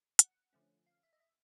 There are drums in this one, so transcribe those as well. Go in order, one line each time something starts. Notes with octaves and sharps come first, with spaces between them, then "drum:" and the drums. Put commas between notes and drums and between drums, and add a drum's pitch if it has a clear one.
F#5, drum: hi-hat
D3 F3 A3 C#4
F5
E5
D#5
E5